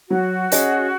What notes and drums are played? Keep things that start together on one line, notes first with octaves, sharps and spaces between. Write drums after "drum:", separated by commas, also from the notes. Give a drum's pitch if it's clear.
F#3 F#4
C#4 G#4 D#5, drum: hi-hat